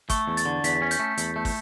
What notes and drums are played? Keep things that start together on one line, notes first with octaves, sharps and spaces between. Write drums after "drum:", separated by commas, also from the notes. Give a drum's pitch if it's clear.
A3 C#6, drum: kick, hi-hat
E2
A6, drum: hi-hat
D3
E2 B6, drum: hi-hat
C#4
G6, drum: hi-hat
A3
E2, drum: hi-hat
A3
drum: kick, open hi-hat